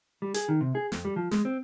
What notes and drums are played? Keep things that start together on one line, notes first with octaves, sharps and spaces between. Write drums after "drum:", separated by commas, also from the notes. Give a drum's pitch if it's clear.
G3
G#4, drum: hi-hat
D#3
C3
G#4
F2, drum: snare
G3
F3
G#3, drum: snare
C4